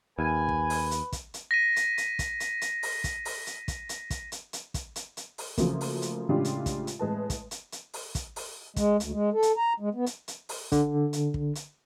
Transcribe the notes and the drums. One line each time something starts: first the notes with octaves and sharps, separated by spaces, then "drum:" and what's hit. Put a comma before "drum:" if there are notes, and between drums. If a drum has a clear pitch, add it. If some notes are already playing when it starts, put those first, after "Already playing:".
D#2 B4 G#5
drum: kick
drum: open hi-hat
drum: hi-hat
drum: kick, hi-hat
drum: hi-hat
A#6 B6 D#7
drum: hi-hat
drum: hi-hat
drum: kick, hi-hat
drum: hi-hat
drum: hi-hat
drum: open hi-hat
drum: kick, hi-hat
drum: open hi-hat
drum: hi-hat
drum: kick, hi-hat
drum: hi-hat
drum: kick, hi-hat
drum: hi-hat
drum: hi-hat
drum: kick, hi-hat
drum: hi-hat
drum: hi-hat
drum: open hi-hat
C#3 F3 F#3 A3 A#3, drum: kick, hi-hat
drum: open hi-hat
drum: hi-hat
A2 C#3 G#3 D4 F4 G4
drum: hi-hat
drum: kick, hi-hat
drum: hi-hat
A2 G#3 B4 A5
drum: kick, hi-hat
drum: hi-hat
drum: hi-hat
drum: open hi-hat
drum: kick, hi-hat
drum: open hi-hat
G#3, drum: kick, hi-hat
D2, drum: hi-hat
G#3
A4
drum: hi-hat
A#5
G#3
B3
drum: hi-hat
drum: hi-hat
drum: open hi-hat
D3, drum: kick, hi-hat
drum: hi-hat
drum: kick
drum: hi-hat